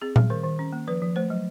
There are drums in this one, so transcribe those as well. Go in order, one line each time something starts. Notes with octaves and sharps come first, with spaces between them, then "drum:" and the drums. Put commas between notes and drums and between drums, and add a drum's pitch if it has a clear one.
C4 G#4
G3, drum: tom A#2
D#3 A#4
D#3
C#4
A#3
F3 B4
F3
A3 C5
F#3